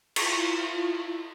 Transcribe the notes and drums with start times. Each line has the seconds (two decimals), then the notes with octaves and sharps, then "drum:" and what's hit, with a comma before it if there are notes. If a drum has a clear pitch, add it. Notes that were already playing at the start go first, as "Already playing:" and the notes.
0.16 E4 F4, drum: cymbal